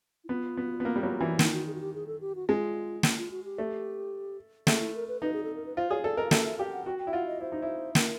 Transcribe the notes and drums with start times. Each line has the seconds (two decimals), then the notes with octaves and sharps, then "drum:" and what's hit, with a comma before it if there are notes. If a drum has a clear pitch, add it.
0.24 E4
0.29 B3 F4
0.57 B3
0.80 B3
0.85 A#3
0.96 G3
1.03 F#3
1.21 E3
1.39 D#3 E4, drum: snare
1.53 F#4
1.67 G#4
1.74 F#4
1.81 G4
1.94 G#4
2.07 A4
2.21 G4
2.35 F#4
2.48 G#3 F4
3.03 drum: snare
3.16 F4
3.31 F#4
3.44 G4
3.58 A3
4.67 A3 G#4, drum: snare
4.81 E4
4.95 A#4
5.08 B4
5.21 D#4 B4
5.34 G#4
5.44 A4
5.55 A#4
5.66 B4
5.76 F4 C5
5.91 G#4 C#5
6.04 A4 D5
6.17 A#4 D#5
6.26 F5
6.31 A4 E5, drum: snare
6.44 E5
6.58 G4 F5
6.66 G5
6.72 F#5
6.86 F#4 G5
6.99 G5
7.07 E4
7.13 F4 F#5
7.26 D#5
7.41 E4 C5
7.52 D#4
7.62 E4
7.95 A#4, drum: snare